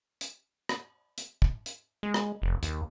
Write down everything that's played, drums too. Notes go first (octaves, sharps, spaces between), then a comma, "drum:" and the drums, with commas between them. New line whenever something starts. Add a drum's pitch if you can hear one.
drum: hi-hat
drum: rim click
drum: hi-hat
drum: kick
drum: hi-hat
G#3
drum: rim click
F1
D#2, drum: hi-hat